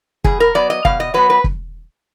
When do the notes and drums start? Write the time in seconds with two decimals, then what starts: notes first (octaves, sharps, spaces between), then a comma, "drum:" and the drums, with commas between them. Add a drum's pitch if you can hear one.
0.24 B2 G#4, drum: kick
0.40 A#4
0.55 F#3 B3 D5
0.70 D#5
0.85 B2 F5, drum: kick
1.00 D#5
1.14 F#3 B3 B4
1.30 B4
1.44 drum: kick